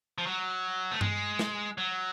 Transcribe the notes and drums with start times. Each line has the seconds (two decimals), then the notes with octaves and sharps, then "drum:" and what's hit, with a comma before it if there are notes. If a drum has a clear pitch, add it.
0.18 F3
0.27 F#3
0.91 A3
1.01 G#3, drum: tom G2
1.39 drum: snare
1.78 F#3